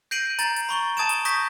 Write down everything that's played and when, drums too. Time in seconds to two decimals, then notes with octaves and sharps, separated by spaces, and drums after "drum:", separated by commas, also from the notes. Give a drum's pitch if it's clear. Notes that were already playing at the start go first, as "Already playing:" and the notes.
0.11 G6 A#6 C7 D7 D#7 F#7
0.39 A#5 A6 F#7, drum: hi-hat
0.56 drum: hi-hat
0.69 B5 C#6 G7
0.97 A5 D#6 G#6 A6 D7 E7
1.09 drum: hi-hat
1.25 C#6 D#6 G6 A#6 B6, drum: hi-hat